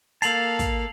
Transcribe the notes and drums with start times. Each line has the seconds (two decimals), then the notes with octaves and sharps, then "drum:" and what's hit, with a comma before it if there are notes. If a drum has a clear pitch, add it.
0.22 A#3 A4 F5 A5 C7 F7 F#7, drum: hi-hat
0.59 drum: kick, hi-hat